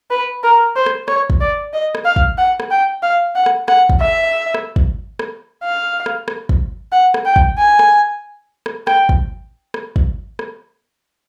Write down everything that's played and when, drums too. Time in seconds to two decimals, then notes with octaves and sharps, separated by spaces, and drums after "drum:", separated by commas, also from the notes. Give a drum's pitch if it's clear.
0.11 B4
0.43 A#4
0.76 C5
0.86 drum: rim click
1.08 C#5, drum: rim click
1.30 drum: kick
1.40 D5
1.73 D#5
1.95 drum: rim click
2.05 F5
2.16 drum: kick
2.38 F#5
2.60 drum: rim click
2.71 G5
3.03 F5
3.35 F#5
3.46 drum: rim click
3.68 F#5, drum: rim click
3.90 drum: kick
4.00 E5
4.54 drum: rim click
4.76 drum: kick
5.19 drum: rim click
5.63 F5
6.06 drum: rim click
6.28 drum: rim click
6.49 drum: kick
6.92 F#5
7.14 drum: rim click
7.25 G5
7.36 drum: kick
7.58 G#5
7.79 drum: rim click
8.66 drum: rim click
8.87 G5, drum: rim click
9.09 drum: kick
9.74 drum: rim click
9.96 drum: kick
10.39 drum: rim click